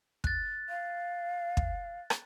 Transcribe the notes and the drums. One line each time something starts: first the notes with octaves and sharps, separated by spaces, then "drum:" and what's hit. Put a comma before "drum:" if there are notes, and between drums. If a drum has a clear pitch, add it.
F#6 A6, drum: kick
F5
drum: kick
drum: rim click